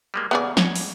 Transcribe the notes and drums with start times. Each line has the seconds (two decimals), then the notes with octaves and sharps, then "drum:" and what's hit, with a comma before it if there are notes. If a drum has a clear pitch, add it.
0.14 G3 G#3 A#3
0.31 E2 C#3 B3 G#4 D5
0.57 C#5, drum: snare
0.76 drum: open hi-hat